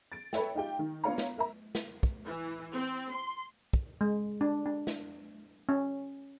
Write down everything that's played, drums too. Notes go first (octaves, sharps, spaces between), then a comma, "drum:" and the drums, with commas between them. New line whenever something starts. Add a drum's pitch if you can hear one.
A6 D7
A4 B4 C#5 E5 G5, drum: snare
D#4 F4 G4 G5
D#3
B3 D4 F4 C#5 F5 A#5
drum: snare
A#4 E5 A#5
drum: snare
drum: kick
E3
C4
C6
drum: kick
G#3
D4
D4
drum: snare
C#4